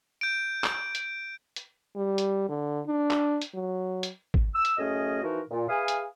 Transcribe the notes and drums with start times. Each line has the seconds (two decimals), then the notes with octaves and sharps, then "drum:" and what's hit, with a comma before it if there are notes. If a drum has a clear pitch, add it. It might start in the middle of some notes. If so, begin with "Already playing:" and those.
0.21 G6 D7
0.64 drum: clap
0.95 drum: hi-hat
1.56 drum: hi-hat
1.96 G3
2.18 drum: hi-hat
2.49 D3
2.87 D4
3.11 drum: clap
3.41 drum: hi-hat
3.54 F#3
4.03 drum: hi-hat
4.34 drum: kick
4.54 E6
4.65 drum: hi-hat
4.78 F#2 A2 A3 C#4 G#4 D#5
5.23 E3 F3 D#4 F#4 A#4
5.50 A#2
5.68 G#4 B4 E5 F5 G#5 D#6
5.88 drum: hi-hat